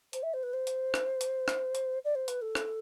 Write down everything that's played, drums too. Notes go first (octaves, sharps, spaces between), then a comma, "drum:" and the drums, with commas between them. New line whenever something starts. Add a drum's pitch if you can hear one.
C5, drum: hi-hat
E5
C5
B4
C5
drum: hi-hat
drum: rim click
drum: hi-hat
drum: rim click
drum: hi-hat
D5
C5
B4, drum: hi-hat
A4
drum: rim click